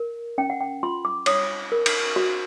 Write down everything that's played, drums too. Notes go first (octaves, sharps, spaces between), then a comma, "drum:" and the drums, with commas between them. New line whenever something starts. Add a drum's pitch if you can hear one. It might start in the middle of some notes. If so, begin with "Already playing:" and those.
Already playing: A#4
C#4 G5
F#5
G5
F4 C6
D6
C#5 D#6, drum: cymbal
A#4
drum: cymbal
F#4